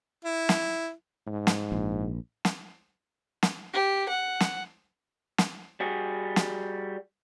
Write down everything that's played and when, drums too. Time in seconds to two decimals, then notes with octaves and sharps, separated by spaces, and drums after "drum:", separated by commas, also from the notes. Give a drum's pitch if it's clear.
0.24 E4
0.49 drum: snare
1.27 G#2
1.47 drum: snare
1.72 A#1
2.45 drum: snare
3.43 drum: snare
3.73 G4
4.09 F#5
4.40 drum: snare
5.38 drum: snare
5.80 G3 F#4 G#4
6.36 drum: snare